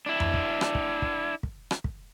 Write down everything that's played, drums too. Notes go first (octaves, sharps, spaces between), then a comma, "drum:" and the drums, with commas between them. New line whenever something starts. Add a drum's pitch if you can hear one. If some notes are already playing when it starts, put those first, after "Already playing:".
D4 E4
drum: tom F2
drum: kick
drum: rim click
drum: kick
drum: kick
drum: kick
drum: rim click
drum: kick